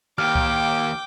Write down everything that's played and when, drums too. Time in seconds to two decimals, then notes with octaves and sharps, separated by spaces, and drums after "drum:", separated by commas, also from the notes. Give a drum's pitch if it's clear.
0.18 D#2 G5 D6 F6
0.35 drum: kick C2